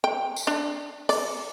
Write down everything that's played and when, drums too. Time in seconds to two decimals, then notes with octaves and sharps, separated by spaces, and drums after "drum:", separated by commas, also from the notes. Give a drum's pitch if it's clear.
0.04 G5
0.36 drum: tambourine
0.47 D4
1.09 D5, drum: open hi-hat